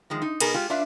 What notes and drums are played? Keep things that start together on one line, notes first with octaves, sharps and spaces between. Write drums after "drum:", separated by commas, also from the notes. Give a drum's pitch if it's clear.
D#3 F3 G#3
D#4
B2 B3 D#4 G#4 A#4, drum: cymbal
G#3 F4 G4
D4 F4 B4 E5 F5